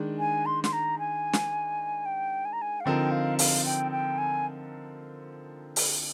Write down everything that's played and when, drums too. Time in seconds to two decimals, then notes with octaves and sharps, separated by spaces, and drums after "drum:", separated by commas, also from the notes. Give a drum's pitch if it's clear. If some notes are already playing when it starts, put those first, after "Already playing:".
Already playing: D#3 G#3 D4
0.19 G#5
0.46 C6
0.64 C6, drum: snare
0.73 A#5
0.99 G#5
1.33 drum: snare
2.05 G5
2.45 G#5
2.53 A#5
2.61 G#5
2.80 F5
2.85 D3 F3 C4 D#4 A#4 G5
3.11 F5
3.39 F5, drum: open hi-hat
3.65 G5
3.91 G5
4.18 G#5
5.76 drum: open hi-hat